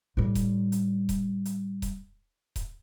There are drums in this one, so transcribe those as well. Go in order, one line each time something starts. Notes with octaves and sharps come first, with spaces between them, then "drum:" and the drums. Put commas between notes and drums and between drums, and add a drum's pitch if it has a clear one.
A2 G3
drum: kick D#1, hi-hat
drum: hi-hat
drum: kick D#1, hi-hat
drum: hi-hat
drum: kick D#1, hi-hat
drum: kick D#1, hi-hat